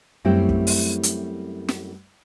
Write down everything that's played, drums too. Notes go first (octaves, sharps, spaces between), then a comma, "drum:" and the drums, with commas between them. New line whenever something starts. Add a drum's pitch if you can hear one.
F#2 G3 A3 C4 E4 G5
drum: kick
drum: open hi-hat
drum: hi-hat
drum: snare